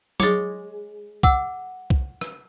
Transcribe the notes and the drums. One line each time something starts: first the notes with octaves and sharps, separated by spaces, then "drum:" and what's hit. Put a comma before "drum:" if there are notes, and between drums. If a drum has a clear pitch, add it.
G#3 C#5 D6 A6, drum: tom F#3
F#5 D6 E6, drum: kick C2
drum: kick C2
drum: rim click